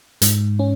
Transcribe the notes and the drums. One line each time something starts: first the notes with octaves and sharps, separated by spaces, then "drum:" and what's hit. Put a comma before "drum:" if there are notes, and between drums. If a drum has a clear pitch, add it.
G#2, drum: hi-hat
C#4